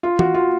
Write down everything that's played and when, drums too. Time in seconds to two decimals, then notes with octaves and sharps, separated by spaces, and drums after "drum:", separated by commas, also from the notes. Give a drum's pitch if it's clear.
0.03 F4
0.19 F#4, drum: tom
0.34 F4